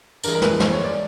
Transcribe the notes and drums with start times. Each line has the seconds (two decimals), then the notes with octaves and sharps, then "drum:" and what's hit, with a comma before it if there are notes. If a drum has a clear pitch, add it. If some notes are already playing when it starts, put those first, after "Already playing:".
0.24 G2 E3 G#3 A#4, drum: tambourine
0.35 A#4
0.42 B4, drum: snare
0.60 C5, drum: snare
0.73 C#5
0.84 D5